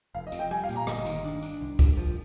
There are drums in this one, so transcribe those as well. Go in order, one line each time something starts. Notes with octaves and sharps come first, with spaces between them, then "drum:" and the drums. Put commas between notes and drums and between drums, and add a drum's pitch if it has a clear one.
F1 F5
D#5
F2, drum: tambourine
G5
G3 G#5
F5
A#2, drum: tambourine
A#5
G1 D#5, drum: rim click
D#3, drum: tambourine
D4
D4, drum: tambourine
C2
C2, drum: kick, tambourine
F3